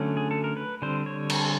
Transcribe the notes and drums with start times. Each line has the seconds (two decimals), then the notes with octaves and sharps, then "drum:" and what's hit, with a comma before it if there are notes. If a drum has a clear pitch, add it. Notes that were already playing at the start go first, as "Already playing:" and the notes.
Already playing: D3 F#3 A3 C#4
0.17 G#4
0.31 A4
0.44 A#4
0.57 B4
0.82 D3 G3 C4 C5
1.06 C#5
1.29 drum: cymbal